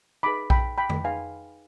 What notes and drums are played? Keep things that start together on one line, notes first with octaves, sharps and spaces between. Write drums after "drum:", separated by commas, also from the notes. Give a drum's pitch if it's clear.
D#4 G#4 B4 B5 D6
G5 B5, drum: kick A#1
G5 B5
drum: tom F2
D#4 G#4 B4 F5 G#5